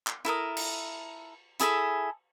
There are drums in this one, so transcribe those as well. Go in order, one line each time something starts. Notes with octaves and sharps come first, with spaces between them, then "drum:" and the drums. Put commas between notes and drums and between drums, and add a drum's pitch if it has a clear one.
drum: clap
E4 A4 A#4 D#6
drum: cymbal
E4 G#4 A4 B5, drum: hi-hat